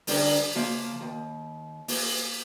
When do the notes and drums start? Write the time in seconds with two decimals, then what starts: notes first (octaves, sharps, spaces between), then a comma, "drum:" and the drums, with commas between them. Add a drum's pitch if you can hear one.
0.07 D3 G3 C#4 D4 G#4 A#4, drum: open hi-hat
0.55 C#3 F3 A#3 F5 A5
1.01 D#2
1.88 A#3, drum: open hi-hat